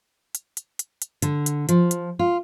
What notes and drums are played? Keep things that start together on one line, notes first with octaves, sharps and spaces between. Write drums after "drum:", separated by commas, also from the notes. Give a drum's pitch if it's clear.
drum: hi-hat
drum: hi-hat
drum: hi-hat
drum: hi-hat
D3, drum: hi-hat
drum: hi-hat
F3, drum: hi-hat
drum: hi-hat
F4